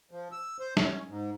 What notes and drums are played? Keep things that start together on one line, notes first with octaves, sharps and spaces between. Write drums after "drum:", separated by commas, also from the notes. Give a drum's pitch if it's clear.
F3
E6
C5
C#4, drum: snare
G#2